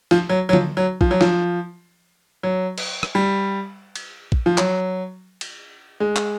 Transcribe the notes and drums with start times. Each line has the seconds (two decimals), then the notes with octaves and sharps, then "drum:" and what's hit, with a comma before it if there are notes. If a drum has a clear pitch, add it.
0.11 F3, drum: snare
0.29 F#3
0.49 F#3
0.53 F3, drum: tom D3
0.77 F#3
1.01 F3, drum: kick
1.11 F#3
1.21 F3, drum: snare
2.43 F#3
2.78 drum: cymbal
3.03 drum: rim click
3.15 G3
3.96 drum: cymbal
4.32 drum: kick
4.46 F3
4.58 F#3, drum: clap
5.41 drum: cymbal
6.00 G#3
6.16 drum: clap